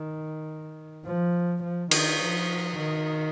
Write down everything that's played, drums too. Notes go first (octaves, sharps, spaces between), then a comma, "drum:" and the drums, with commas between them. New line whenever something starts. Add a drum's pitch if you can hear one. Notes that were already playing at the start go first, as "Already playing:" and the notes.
Already playing: D#3
F3
F3
D#3, drum: cymbal
F3
D#3